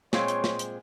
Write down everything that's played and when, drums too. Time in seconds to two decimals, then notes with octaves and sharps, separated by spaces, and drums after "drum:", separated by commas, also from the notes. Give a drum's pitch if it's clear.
0.13 A#2 G#3 C4 C#5 C6, drum: snare
0.28 drum: hi-hat
0.44 drum: snare
0.59 drum: hi-hat